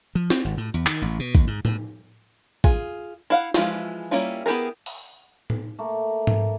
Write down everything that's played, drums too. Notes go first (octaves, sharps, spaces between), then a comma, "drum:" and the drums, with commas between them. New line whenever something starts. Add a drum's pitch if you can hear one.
F3
C4, drum: snare
G#1
A2
E2
D#3, drum: clap
A1
B2
D#2, drum: kick A1
G#2
A2, drum: tom A2
F4 G#4, drum: kick A1
E4 F5 F#5
E3 F3 G#3 E4 F4, drum: snare
G3 A#3 C#4 E4 F4
B3 E4 G4 G#4 A#4
drum: open hi-hat
drum: tom A2
A3 A#3
drum: tom G#2